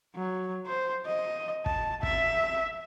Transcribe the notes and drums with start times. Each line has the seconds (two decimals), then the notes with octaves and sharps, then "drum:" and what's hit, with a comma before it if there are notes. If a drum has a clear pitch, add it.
0.15 F#3
0.67 C5
1.06 D#5
1.66 A5, drum: kick
2.03 E5, drum: kick